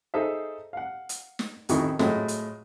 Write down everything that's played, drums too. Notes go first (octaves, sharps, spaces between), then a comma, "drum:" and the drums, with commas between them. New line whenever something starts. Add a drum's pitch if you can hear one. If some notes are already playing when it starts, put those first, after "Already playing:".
D#4 G#4 A4 C5 E5
F5 F#5
drum: hi-hat
drum: snare
A1 F2 D#3 E4 A4 C#6, drum: hi-hat
A2 F3 F#3 G#3 A3, drum: snare
drum: hi-hat